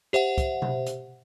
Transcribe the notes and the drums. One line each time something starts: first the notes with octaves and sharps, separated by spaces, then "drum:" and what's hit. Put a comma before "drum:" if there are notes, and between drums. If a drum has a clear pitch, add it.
G4 C5 E5 F#5
drum: kick, hi-hat
drum: tom B2
drum: hi-hat